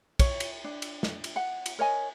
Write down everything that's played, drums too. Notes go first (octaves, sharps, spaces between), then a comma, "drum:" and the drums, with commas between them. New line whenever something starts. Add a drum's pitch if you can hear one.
C#5, drum: kick, cymbal
drum: cymbal
D4
drum: cymbal
drum: snare
drum: cymbal
F#5
drum: cymbal
A#4 C#5 D#5 G#5